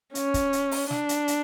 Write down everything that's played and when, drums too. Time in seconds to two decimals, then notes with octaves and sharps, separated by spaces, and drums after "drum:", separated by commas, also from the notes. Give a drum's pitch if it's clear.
0.15 C#4, drum: hi-hat
0.34 drum: kick, hi-hat
0.53 drum: hi-hat
0.71 drum: open hi-hat
0.90 D4, drum: snare
1.09 drum: hi-hat
1.28 drum: hi-hat